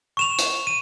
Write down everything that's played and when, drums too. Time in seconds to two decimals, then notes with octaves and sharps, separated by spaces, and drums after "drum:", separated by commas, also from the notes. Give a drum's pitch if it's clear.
0.17 C#6 E7 F7
0.39 drum: hi-hat
0.67 D#7